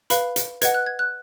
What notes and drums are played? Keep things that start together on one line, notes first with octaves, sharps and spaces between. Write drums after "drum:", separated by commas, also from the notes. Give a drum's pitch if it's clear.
B4 F5 B5, drum: hi-hat
drum: hi-hat
B4 D#5 F#5 G#6, drum: hi-hat
F#6
G#6
F#6